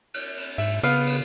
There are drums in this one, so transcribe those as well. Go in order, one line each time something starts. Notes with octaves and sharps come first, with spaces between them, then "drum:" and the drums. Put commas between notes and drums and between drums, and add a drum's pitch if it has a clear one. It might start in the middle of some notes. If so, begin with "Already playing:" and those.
drum: cymbal
drum: cymbal
G#2 E5, drum: cymbal
C#3 B3 F5, drum: cymbal
drum: cymbal